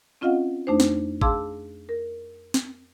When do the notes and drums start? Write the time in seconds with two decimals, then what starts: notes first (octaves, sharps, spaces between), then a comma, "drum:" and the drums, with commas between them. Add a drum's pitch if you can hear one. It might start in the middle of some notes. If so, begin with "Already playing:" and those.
0.21 C4 C#4 F4 D#5 F5 F#5
0.67 F2 A3 D4 D#4 C5
0.80 drum: snare
1.21 G#4 F5 A5 C6 D6 E6, drum: kick G#1
1.89 A#4
2.54 drum: snare